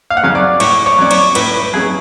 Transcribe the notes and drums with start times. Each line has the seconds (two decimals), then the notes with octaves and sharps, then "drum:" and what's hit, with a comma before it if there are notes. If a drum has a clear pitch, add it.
0.10 F5
0.17 F#5
0.23 C#3 F#3 C#4 F5
0.35 D5
0.60 A2 C#5, drum: cymbal
0.86 C#5
0.98 F#3 C#4 D5
1.11 C#5, drum: cymbal
1.35 A2 B4, drum: cymbal
1.54 B4
1.73 F#3 C#4 G#4